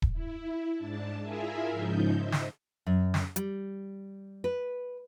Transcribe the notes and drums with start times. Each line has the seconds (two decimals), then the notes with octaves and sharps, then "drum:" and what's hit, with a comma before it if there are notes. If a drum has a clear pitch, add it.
0.02 drum: kick D#1
0.13 E4
0.76 G#2 D4 A5
1.22 E4 F4 G#4 A#4 E5 G#5
1.70 G#2 C#3 F3 D#4 G6
2.15 C5 D#5 E5
2.32 drum: snare
2.86 F#2
3.14 drum: snare
3.36 G3, drum: hi-hat
4.44 B4